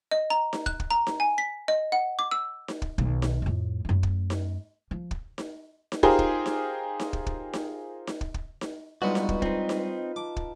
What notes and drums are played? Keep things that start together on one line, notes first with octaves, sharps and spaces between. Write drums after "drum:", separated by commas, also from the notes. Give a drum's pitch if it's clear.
D#5
A#5
drum: snare D#4
F#6, drum: kick
drum: kick
A#5
drum: snare D#4
G#5
B6
D#5
F#5
D6
E6
drum: snare D#4
drum: kick
B1 D#3, drum: kick
drum: snare D#4
F2 A2
F#2 A3
drum: kick
drum: snare D#4
F3
drum: kick
drum: snare D#4
drum: snare D#4
D#4 F4 G4 G#4 A#4 C5, drum: kick
drum: kick
drum: snare D#4
drum: snare D#4
drum: kick
drum: kick
drum: snare D#4
drum: snare D#4
drum: kick
drum: kick
drum: snare D#4
G2 F#3 G#3 B3 D#4 F4 F#4
drum: snare D#4
drum: kick
C4 D#4 F4 B4, drum: kick
drum: snare D#4
A5 D6
drum: kick